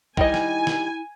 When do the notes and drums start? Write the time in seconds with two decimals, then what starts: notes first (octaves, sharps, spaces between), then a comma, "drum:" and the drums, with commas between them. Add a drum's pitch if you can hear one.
0.17 D#3 G3 E4 D#5 G#5, drum: kick
0.34 drum: snare
0.67 drum: snare